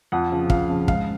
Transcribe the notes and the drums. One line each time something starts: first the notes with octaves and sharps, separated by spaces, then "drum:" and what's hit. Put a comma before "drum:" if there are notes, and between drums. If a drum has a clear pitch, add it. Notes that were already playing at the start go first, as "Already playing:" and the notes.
F2 F#5
C#3 F3
F2 F5, drum: kick
C#3 F3
G#2 F5, drum: kick